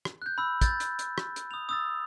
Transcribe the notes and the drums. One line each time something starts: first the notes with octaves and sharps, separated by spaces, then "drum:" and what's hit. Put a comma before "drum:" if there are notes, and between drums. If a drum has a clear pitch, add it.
drum: rim click
F#6 G6
B5 E6
G6 A6, drum: kick, hi-hat
drum: hi-hat
drum: hi-hat
drum: rim click
drum: hi-hat
D#6 F7
D#6 E6 A6